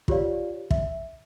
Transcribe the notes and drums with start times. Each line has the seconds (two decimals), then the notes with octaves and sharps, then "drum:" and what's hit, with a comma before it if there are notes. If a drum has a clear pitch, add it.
0.08 F4 G4 C#5 D5 F5, drum: kick
0.71 E5, drum: kick